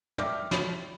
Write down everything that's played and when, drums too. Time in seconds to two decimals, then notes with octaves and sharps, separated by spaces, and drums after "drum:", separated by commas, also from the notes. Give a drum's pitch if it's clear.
0.18 D5 E5 G5 D6 F6 G6, drum: tom
0.51 C#5 B5, drum: snare